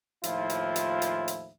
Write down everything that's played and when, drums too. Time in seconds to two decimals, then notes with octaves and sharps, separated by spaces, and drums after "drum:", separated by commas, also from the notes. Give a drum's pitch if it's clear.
0.24 D#2 A2 F3 E4 F4, drum: hi-hat
0.50 drum: hi-hat
0.76 drum: hi-hat
1.02 drum: hi-hat
1.28 drum: hi-hat